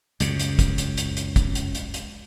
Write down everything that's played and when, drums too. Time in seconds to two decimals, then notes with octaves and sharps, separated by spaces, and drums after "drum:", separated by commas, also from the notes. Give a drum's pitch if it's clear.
0.20 C#2 F#2 C#3, drum: hi-hat
0.39 drum: hi-hat
0.59 drum: kick, hi-hat
0.78 drum: hi-hat
0.97 drum: hi-hat
1.17 drum: hi-hat
1.36 drum: kick, hi-hat
1.55 drum: hi-hat
1.75 drum: hi-hat
1.94 drum: hi-hat